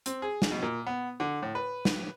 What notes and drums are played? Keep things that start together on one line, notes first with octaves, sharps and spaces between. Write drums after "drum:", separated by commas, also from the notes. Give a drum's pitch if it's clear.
C4, drum: hi-hat
G#4
drum: snare
B2
A#2
B3
D3
A2
B4
drum: snare